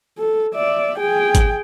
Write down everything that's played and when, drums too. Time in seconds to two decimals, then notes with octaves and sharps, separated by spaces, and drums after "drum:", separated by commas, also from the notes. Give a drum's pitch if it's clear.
0.18 A4
0.54 D5 E5
0.99 G#4 G5
1.35 drum: kick G#1, hi-hat